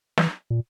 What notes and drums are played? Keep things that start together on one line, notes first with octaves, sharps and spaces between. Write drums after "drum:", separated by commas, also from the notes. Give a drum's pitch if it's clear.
E3, drum: snare
A#2